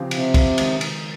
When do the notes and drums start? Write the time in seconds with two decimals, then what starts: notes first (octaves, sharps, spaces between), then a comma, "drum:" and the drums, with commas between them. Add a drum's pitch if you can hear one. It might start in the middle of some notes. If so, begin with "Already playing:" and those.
Already playing: C#3 F3 C4 G4
0.11 C3, drum: cymbal
0.34 drum: kick, cymbal
0.58 D#3 G#3 D#4, drum: cymbal
0.81 drum: cymbal